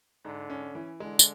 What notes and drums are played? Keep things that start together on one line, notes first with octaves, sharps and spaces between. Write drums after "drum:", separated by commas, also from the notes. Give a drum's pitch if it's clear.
G#2 D3
C#4
E3
D3 G#3
drum: tambourine